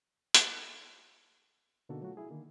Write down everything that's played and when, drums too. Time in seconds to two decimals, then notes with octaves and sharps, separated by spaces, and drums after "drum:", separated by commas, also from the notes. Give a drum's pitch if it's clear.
0.35 drum: hi-hat
1.89 B2 D3 A#3 D#4 F#4 A4
2.02 F#3 A3 F4 F#4
2.17 E4 G#4
2.30 D3 D#3 A#3